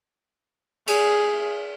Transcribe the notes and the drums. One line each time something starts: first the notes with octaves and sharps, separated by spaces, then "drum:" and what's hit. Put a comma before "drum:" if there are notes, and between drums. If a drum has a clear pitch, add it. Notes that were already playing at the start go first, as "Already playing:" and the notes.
G#4, drum: cymbal